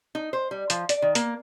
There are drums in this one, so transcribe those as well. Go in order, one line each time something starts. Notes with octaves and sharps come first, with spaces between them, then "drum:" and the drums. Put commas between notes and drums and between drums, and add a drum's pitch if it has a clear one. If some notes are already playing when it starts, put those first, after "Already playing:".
D#4
C5
G3
F3, drum: hi-hat
D5, drum: hi-hat
D#3
A#3, drum: hi-hat